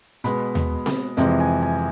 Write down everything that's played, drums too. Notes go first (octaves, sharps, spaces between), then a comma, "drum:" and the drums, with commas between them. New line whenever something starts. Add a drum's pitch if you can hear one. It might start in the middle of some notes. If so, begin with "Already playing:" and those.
B2 G#3 B3 B5, drum: hi-hat
drum: tom D#2
drum: snare C4
F2 C3 E3 G#3, drum: hi-hat
G#5
G#5